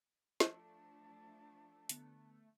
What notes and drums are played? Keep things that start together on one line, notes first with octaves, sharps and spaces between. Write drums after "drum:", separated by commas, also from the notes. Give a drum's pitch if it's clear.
F3 A3 D4 A5, drum: snare
D3 B3, drum: hi-hat